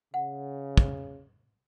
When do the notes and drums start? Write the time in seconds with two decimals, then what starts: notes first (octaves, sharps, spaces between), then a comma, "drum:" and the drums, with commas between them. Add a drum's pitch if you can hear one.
0.14 C#3 F#5
0.77 drum: kick